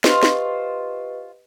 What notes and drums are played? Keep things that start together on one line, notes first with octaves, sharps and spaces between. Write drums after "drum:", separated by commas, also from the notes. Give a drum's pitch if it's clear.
F4 G4 B4 C5 D#5, drum: snare
drum: snare